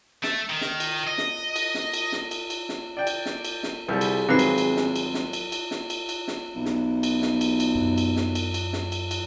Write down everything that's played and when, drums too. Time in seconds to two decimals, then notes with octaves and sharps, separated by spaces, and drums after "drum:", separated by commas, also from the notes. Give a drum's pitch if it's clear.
0.24 A3, drum: snare
0.50 D#3
0.61 drum: snare
0.80 drum: cymbal
1.07 D#5
1.18 drum: snare
1.56 drum: cymbal
1.75 drum: snare
1.93 drum: cymbal
2.12 drum: snare
2.31 drum: cymbal
2.50 drum: cymbal
2.69 drum: snare
2.97 D5 G5
3.07 drum: cymbal
3.26 drum: snare
3.45 drum: cymbal
3.63 drum: snare
3.89 C2 G3 G#4 A4
4.01 drum: cymbal
4.29 G#2 D#3 F#3 C4 B4 C7
4.39 drum: cymbal
4.58 drum: cymbal
4.77 drum: snare
4.96 drum: cymbal
5.14 drum: snare
5.33 drum: cymbal
5.52 drum: cymbal
5.71 drum: snare
5.90 drum: cymbal
6.09 drum: cymbal
6.28 drum: snare
6.56 B1
6.65 drum: snare
7.03 drum: cymbal
7.22 drum: snare
7.41 drum: cymbal
7.60 drum: cymbal
7.75 F#2
7.98 drum: cymbal
8.16 drum: snare
8.35 drum: cymbal
8.54 drum: cymbal
8.73 drum: snare
8.92 drum: cymbal
9.11 drum: cymbal